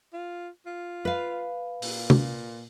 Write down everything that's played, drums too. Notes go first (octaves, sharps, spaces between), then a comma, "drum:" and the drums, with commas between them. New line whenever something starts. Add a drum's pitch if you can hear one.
F4
F4
B4 F5
A#2, drum: open hi-hat
drum: tom C3